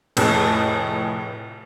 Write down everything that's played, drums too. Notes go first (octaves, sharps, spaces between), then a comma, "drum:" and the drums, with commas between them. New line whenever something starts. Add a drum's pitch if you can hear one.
F1 A2 G#4 C#5 D#5 A5, drum: cymbal